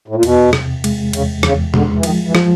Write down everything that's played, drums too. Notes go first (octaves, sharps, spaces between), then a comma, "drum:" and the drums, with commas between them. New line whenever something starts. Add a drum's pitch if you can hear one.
A2
A#2
E2 B2, drum: cymbal
C3, drum: rim click
G#3, drum: cymbal
E2 C#3, drum: cymbal
E2 C#3, drum: rim click
D3 G#3, drum: tom
E3
D#3 F3, drum: cymbal
E3
F3, drum: rim click